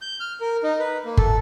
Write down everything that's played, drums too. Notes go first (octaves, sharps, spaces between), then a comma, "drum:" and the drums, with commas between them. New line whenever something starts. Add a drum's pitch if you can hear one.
G6
F6
A#4
D#4
B4
A#3
A4, drum: kick G1